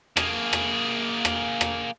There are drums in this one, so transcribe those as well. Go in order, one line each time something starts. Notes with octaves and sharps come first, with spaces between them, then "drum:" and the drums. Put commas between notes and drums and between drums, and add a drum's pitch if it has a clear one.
A#3 G#4, drum: rim click
drum: rim click
drum: rim click
drum: rim click